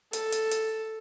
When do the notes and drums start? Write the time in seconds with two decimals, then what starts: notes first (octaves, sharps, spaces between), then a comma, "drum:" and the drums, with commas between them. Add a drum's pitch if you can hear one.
0.13 A4, drum: hi-hat
0.32 drum: hi-hat
0.51 drum: hi-hat